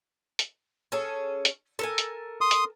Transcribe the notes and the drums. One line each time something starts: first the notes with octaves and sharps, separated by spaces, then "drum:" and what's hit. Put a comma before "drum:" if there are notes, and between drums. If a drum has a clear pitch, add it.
drum: hi-hat
C#4 G#4 A4
drum: hi-hat
A4 A#4 G#5
drum: hi-hat
C6 D#6
drum: hi-hat